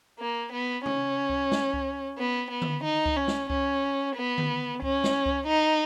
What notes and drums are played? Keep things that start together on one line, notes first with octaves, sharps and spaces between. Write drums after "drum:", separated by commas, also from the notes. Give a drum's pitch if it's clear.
A#3
B3
C#4, drum: tom
drum: kick C#2
drum: snare
drum: kick C#2
B3
B3
drum: tom D3
D#4
drum: kick C#2
C#4
drum: snare
C#4, drum: kick C#2
B3
drum: tom D3
C#4, drum: kick C#2
drum: snare
drum: kick C#2
D#4